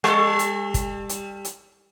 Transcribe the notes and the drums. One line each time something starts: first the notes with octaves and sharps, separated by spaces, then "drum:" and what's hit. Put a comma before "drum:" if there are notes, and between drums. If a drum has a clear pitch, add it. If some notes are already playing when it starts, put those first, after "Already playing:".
G3 A4, drum: rim click
drum: hi-hat
drum: kick, hi-hat
drum: hi-hat
drum: hi-hat